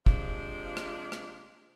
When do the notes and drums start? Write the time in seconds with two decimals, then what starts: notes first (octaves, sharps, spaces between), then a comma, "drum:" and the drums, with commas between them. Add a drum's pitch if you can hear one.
0.06 C3 F3 G#3 D4 F4, drum: kick
0.77 drum: rim click
1.12 drum: rim click